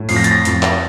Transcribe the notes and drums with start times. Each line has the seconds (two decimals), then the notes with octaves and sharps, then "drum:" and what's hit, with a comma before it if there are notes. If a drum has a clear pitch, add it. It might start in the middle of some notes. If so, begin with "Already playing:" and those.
Already playing: A2
0.09 F2 C7, drum: open hi-hat
0.16 A#6
0.24 A6, drum: hi-hat
0.31 A#6
0.45 F2, drum: hi-hat
0.62 drum: clap